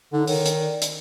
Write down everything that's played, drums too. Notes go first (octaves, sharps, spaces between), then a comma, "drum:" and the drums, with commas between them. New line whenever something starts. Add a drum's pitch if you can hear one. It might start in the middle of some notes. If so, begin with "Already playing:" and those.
D3 D#4
D#3 C#5, drum: open hi-hat
drum: hi-hat
D5
drum: hi-hat